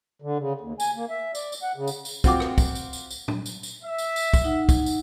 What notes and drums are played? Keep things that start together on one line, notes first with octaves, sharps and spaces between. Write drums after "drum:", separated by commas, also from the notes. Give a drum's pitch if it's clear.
D3
C#3
D#2
G#5, drum: tambourine
A#3
E5
D5, drum: tambourine
drum: tambourine
F#5
C#3
drum: tambourine
drum: tambourine
C4 F4 F#4 G5 D6, drum: kick, tambourine
drum: rim click
drum: kick, tambourine
drum: tambourine
drum: tambourine
drum: tambourine
drum: tom
drum: tambourine
drum: tambourine
E5
drum: tambourine
drum: tambourine
drum: kick, tambourine
D#4 F#5
drum: kick, tambourine
drum: tambourine